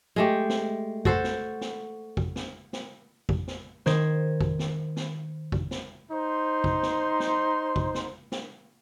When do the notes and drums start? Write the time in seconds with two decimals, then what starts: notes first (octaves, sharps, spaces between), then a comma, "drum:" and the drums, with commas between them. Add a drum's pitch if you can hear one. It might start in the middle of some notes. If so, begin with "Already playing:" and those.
0.16 G#3 A3 G4
0.49 drum: snare
1.05 F#4 A4 C5, drum: kick
1.24 drum: snare
1.61 drum: snare
2.17 drum: kick
2.36 drum: snare
2.73 drum: snare
3.29 drum: kick
3.47 drum: snare
3.86 D#3 C5 G#6, drum: snare
4.41 drum: kick
4.59 drum: snare
4.96 drum: snare
5.52 drum: kick
5.71 drum: snare
6.12 D#4 C5 C6
6.64 drum: kick
6.83 drum: snare
7.20 drum: snare
7.76 drum: kick
7.94 drum: snare
8.32 drum: snare